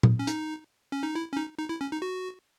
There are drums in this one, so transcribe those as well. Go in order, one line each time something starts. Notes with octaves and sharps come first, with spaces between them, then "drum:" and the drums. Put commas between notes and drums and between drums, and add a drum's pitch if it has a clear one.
drum: tom A#2
C#4
D#4, drum: hi-hat
C#4
D#4
E4
C#4
D#4
D#4
E4
C#4
D#4
F#4